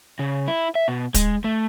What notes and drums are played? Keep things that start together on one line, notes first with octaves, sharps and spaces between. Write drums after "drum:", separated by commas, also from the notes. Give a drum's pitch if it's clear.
C#3
E4
E5
B2
G#3, drum: kick, hi-hat
A3